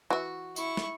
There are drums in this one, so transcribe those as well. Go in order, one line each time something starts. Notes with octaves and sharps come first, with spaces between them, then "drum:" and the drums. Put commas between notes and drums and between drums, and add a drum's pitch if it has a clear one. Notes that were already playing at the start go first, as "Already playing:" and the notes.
E3 F#4 E5
E4 C#6, drum: tambourine
drum: snare